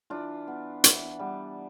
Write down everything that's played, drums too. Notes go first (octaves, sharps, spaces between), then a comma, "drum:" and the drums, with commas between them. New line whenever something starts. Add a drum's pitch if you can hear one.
E3 D4 F4
B3
E3, drum: hi-hat
G3 B3